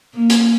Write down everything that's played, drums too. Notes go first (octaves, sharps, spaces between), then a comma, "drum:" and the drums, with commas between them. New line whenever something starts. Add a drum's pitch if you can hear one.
A#3
drum: hi-hat